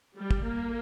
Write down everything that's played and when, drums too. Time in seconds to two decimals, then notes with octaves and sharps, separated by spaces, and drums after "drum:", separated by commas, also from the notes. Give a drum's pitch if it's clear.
0.16 G3
0.31 drum: kick
0.45 A#3